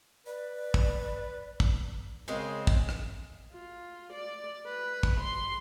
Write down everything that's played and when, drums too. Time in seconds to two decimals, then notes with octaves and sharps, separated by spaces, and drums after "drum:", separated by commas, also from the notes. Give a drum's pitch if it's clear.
0.26 B4 D5
0.74 drum: kick
1.60 drum: kick
2.28 C#3 G#3 C4 G#4 A#4
2.67 drum: kick
2.89 drum: rim click
3.53 F4
4.13 D5
4.66 B4
5.03 drum: kick
5.21 C6